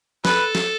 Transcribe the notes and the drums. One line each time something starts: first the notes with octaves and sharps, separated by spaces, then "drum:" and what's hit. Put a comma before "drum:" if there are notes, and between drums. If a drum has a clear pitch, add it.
A4 B4, drum: snare
drum: snare